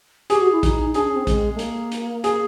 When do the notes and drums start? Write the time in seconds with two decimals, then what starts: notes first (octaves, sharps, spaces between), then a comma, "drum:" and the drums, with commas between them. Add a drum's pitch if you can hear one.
0.30 G4 G#4, drum: hi-hat
0.41 F#4
0.52 E4
0.63 D#4, drum: kick A#1, hi-hat
0.94 D4 G#4, drum: hi-hat
1.05 C#4
1.16 C4
1.27 G#3, drum: kick A#1, hi-hat
1.55 A3
1.59 A#3, drum: hi-hat
1.92 drum: hi-hat
2.24 G#4, drum: hi-hat